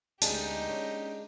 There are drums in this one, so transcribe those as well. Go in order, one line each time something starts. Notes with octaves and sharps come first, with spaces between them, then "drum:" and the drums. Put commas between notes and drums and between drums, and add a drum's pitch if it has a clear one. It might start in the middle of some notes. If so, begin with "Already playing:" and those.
D2 G#3 D4 D#4 G4 G#4 A5, drum: hi-hat
C#4